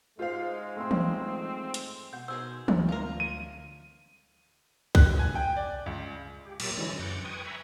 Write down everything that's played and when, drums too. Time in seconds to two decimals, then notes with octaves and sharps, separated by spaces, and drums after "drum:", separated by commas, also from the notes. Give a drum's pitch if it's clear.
0.19 G#2 G#3 F4 C5 F5
0.77 A3 C4 C6
0.91 drum: tom E3
1.74 drum: hi-hat
2.13 B2 F#5 G6
2.28 B2 D#3 G#4 C5 E6
2.68 D2, drum: tom E3
2.89 F4 A#4
3.20 D#7
4.95 F#6, drum: kick
5.19 G#5
5.35 G5
5.57 D5
5.86 C#2
6.46 G4
6.60 A#2 F#3 G4 A#4 E5 D6, drum: cymbal
6.77 D3 E3 F#3 G#3 C#4 E4
6.99 F#2 F#5 D6 G6
7.24 B4 G5 G#5 C#6 D#6
7.45 E5 G#5 A#5 B5 C#6